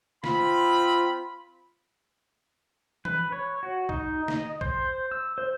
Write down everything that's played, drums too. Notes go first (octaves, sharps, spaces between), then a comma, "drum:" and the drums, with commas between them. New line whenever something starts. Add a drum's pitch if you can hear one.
C4 F4 B5, drum: snare
B4, drum: tom E3
C#5
F#4
D#4, drum: kick
D#5, drum: snare
C5, drum: kick
E6
C5